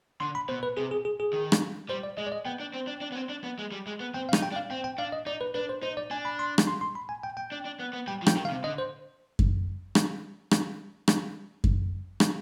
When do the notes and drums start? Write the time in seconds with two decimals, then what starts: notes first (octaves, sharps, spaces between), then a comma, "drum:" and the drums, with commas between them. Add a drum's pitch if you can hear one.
0.20 D3 C6
0.35 B5
0.49 B2 C5
0.63 B4
0.77 C3 G#4
0.91 G#4
1.05 G#4
1.20 G#4
1.33 D#3
1.52 drum: rim click
1.89 G3 C5
2.03 D5
2.17 G#3 D#5
2.27 D5
2.32 D#5
2.45 B3 G5
2.60 D4
2.74 C4
2.87 D4
3.01 D4
3.12 B3
3.16 C4
3.29 D4
3.44 B3
3.59 G#3
3.72 G3
3.87 G#3
4.00 B3
4.14 C4 G5
4.29 F5
4.33 D#4, drum: rim click
4.42 G5
4.52 D4
4.56 F5
4.70 C4 G5
4.84 G5
4.98 D4 F5
5.12 D#5
5.26 D#4 D5
5.41 B4
5.55 D4 B4
5.69 C5
5.82 D#4 C5
5.97 D5
6.11 D4 G#5
6.25 B5
6.39 C6
6.58 drum: rim click
6.67 C6
6.81 C6
6.95 B5
7.09 G#5
7.24 G5
7.37 G5
7.52 D4
7.65 D4
7.80 B3
7.93 B3
8.07 G3 G5
8.22 F3
8.27 G5, drum: rim click
8.36 D#3
8.45 F5
8.50 C3
8.64 D3 D#5
8.78 C5
9.39 drum: kick F#2
9.95 drum: rim click
10.51 drum: rim click
11.08 drum: rim click
11.64 drum: kick F#2
12.20 drum: rim click